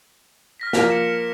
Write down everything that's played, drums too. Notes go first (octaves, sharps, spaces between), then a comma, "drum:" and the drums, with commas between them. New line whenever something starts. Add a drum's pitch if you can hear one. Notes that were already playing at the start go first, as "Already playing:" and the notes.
F6 A#6 B6
F3 A#3 A#4, drum: snare
F6 C#7 E7